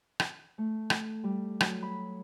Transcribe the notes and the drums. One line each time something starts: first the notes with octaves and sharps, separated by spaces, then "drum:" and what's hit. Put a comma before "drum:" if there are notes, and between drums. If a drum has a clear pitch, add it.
drum: rim click
A3
drum: rim click
G3
F#3, drum: rim click
B5